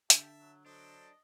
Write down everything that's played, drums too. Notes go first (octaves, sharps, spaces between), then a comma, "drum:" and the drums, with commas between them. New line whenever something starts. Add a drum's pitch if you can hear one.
D3 G4 E5 A5, drum: hi-hat
F#3
F#3 D4 A4 C5 D#5